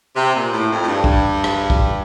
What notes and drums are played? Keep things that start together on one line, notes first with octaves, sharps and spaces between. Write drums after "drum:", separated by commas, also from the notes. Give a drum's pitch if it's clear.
C3
A#2
A2
F2
A2
G2
drum: kick
drum: rim click
drum: kick